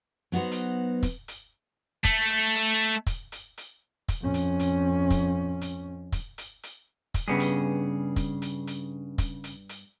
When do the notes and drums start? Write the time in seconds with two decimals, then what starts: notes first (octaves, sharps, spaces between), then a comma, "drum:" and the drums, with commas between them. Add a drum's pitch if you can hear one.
0.32 F#3 B3 D#4 F#4 C5
0.52 drum: hi-hat
1.03 drum: kick, hi-hat
1.28 drum: hi-hat
2.05 A3, drum: kick
2.30 drum: hi-hat
2.56 drum: hi-hat
3.07 drum: kick, hi-hat
3.32 drum: hi-hat
3.57 drum: hi-hat
4.08 drum: kick, hi-hat
4.21 F2 C#4
4.34 drum: hi-hat
4.59 drum: hi-hat
5.10 drum: kick, hi-hat
5.61 drum: hi-hat
6.12 drum: kick, hi-hat
6.38 drum: hi-hat
6.63 drum: hi-hat
7.14 drum: kick, hi-hat
7.28 G2 C#3 B3 G#4
7.40 drum: hi-hat
8.16 drum: kick, hi-hat
8.42 drum: hi-hat
8.67 drum: hi-hat
9.18 drum: kick, hi-hat
9.44 drum: hi-hat
9.69 drum: hi-hat